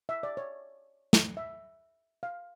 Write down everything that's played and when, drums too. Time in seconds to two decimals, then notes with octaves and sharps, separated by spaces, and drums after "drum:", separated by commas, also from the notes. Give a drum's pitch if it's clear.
0.09 E5
0.23 D5
0.37 C#5
1.13 drum: snare
1.37 E5
2.23 F5